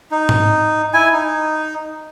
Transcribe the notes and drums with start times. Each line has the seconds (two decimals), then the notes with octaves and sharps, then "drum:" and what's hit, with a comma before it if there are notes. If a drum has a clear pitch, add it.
0.11 D#4
0.29 drum: tom G#2
0.94 E4 G#5
1.13 D#4